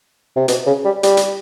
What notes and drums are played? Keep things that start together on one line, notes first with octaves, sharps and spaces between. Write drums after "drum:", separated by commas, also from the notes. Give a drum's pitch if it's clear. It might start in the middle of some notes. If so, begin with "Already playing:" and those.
C3
B2, drum: hi-hat
C#3
G3
G3, drum: hi-hat
drum: hi-hat